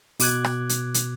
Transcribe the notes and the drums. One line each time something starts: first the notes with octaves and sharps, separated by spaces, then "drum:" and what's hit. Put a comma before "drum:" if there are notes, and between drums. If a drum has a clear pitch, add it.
B2 D6 F#6 G#6, drum: open hi-hat
drum: rim click
drum: hi-hat
drum: hi-hat